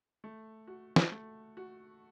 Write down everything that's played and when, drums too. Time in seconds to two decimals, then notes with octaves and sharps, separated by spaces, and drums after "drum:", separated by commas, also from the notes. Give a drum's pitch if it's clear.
0.24 A3
0.67 F#4
0.96 drum: snare
1.12 A3
1.57 F#4